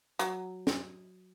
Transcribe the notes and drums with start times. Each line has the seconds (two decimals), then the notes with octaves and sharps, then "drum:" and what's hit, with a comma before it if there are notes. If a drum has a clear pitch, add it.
0.19 F#3, drum: hi-hat
0.67 drum: snare